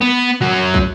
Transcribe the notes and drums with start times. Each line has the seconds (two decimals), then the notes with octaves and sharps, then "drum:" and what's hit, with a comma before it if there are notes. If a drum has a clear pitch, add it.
0.01 B3
0.42 F#2 F#3
0.74 drum: kick